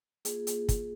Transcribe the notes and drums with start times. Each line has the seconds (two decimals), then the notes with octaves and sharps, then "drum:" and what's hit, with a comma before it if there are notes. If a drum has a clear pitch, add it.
0.25 A#3 F4 G#4, drum: hi-hat
0.47 drum: hi-hat
0.69 drum: kick, hi-hat